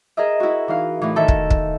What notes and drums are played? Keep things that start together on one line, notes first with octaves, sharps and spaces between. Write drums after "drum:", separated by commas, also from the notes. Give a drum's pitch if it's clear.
G#4 A#4 D#5 E5
E4 F#4
E3 D#4 F5
A2 E3
D#3 A4 E5 G#5
drum: kick
drum: kick